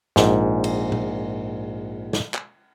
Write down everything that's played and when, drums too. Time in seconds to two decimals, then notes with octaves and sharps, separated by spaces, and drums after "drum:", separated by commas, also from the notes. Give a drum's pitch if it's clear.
0.16 A#1 G#2, drum: snare
0.64 drum: cymbal
0.92 drum: tom A#2
2.13 drum: snare
2.34 drum: clap